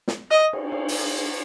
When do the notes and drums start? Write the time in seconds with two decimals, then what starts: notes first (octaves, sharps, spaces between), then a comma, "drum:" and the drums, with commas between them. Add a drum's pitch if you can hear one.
0.08 drum: snare
0.31 D#5
0.53 drum: cymbal
0.72 drum: cymbal
0.88 drum: open hi-hat